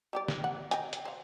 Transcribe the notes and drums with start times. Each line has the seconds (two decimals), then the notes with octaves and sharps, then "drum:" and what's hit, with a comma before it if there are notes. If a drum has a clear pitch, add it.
0.13 G3 G4 D5
0.28 drum: snare
0.44 F#5
0.71 D#5 G5 G#5, drum: hi-hat
0.93 drum: hi-hat
1.05 C5 F5